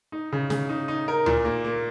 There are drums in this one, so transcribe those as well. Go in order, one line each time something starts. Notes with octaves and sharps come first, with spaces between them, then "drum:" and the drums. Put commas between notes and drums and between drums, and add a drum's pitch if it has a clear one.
D#4
C#3
C#3, drum: snare
D#4
D#4
A#4
A#2, drum: tom C#2
A#3
A#3